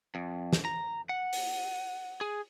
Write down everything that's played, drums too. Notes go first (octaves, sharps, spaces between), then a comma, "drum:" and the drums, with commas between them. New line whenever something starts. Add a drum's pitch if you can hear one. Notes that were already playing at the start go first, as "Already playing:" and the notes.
F2
drum: snare
A#5
F#5
drum: open hi-hat
G#4